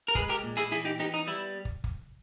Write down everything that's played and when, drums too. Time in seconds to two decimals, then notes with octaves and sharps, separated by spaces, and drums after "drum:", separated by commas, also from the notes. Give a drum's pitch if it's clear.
0.08 A#4
0.15 G#3 G#4 B4, drum: kick
0.29 G4 A#4
0.43 A#2
0.57 E4 G#4
0.72 E3 E4 G#4
0.85 D#4 G4
0.99 B3 D#4 G4
1.14 D#4
1.27 G3 E4
1.65 drum: kick
1.84 drum: kick